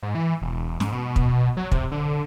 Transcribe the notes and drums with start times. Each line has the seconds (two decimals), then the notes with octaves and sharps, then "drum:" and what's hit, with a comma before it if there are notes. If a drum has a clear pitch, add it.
0.03 G#2
0.15 E3
0.42 E1
0.80 G#2, drum: snare
0.92 B2
1.16 drum: kick
1.57 F#3
1.72 C3, drum: kick
1.91 D3